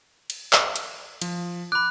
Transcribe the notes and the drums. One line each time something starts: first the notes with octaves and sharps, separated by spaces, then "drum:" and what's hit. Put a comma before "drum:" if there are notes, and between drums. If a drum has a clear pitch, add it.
drum: cymbal
drum: clap
drum: cymbal
F3, drum: cymbal
B5 D6 F#6